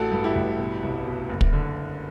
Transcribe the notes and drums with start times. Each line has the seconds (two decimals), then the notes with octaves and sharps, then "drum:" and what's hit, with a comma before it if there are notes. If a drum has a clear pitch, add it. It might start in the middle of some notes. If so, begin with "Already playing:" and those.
Already playing: A1 F#4 A4
0.12 G2
0.24 E4 G4
0.35 A1
0.59 B2
0.83 C2
1.06 B2
1.29 F#1
1.41 drum: kick
1.53 D3